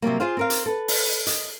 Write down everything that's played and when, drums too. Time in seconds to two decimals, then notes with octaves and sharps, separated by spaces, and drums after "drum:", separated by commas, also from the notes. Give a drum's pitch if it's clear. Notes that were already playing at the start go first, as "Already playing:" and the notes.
0.02 C3 F#3 G3 A#3
0.20 F4 G#4 C5 F5
0.37 C4 A#4 F5
0.50 drum: hi-hat
0.66 A4 B4
0.88 drum: open hi-hat
1.27 D#5, drum: hi-hat